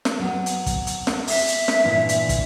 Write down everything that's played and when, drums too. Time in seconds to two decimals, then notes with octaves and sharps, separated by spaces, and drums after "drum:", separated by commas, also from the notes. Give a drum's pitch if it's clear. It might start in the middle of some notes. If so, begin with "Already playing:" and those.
0.05 drum: snare
0.19 F#3 B3
0.46 drum: hi-hat
0.66 drum: kick, hi-hat
0.87 drum: hi-hat
1.07 drum: snare
1.27 E5, drum: open hi-hat
1.48 drum: hi-hat
1.68 drum: snare
1.83 G2 A#2 E3
2.09 drum: hi-hat
2.29 drum: kick, hi-hat